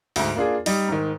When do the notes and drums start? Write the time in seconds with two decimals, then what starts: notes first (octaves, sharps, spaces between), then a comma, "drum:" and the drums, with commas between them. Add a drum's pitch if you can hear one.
0.16 D2 G#2, drum: open hi-hat
0.36 A#3 D4 F4 G#4
0.66 G3 D#4, drum: open hi-hat
0.88 G#2 D#3